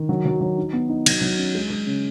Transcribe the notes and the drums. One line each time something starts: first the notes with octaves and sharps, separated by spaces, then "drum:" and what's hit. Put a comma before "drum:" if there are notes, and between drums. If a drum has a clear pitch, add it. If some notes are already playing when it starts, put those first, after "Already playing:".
Already playing: D#3
F#3
F#3
F#3
D#4
B3
D#4
F#3, drum: cymbal
F#3
C#4
G#3
G#3
C#3